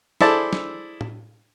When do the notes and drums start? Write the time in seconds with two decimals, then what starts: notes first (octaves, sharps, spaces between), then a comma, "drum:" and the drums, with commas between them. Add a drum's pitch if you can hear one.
0.21 E4 G#4 A4 C5 D5 A5, drum: snare
0.53 drum: snare
1.01 drum: tom A2